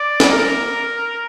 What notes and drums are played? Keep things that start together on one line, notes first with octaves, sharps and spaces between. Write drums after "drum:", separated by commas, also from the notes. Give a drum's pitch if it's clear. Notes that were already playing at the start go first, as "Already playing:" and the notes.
Already playing: D5
drum: snare
A#4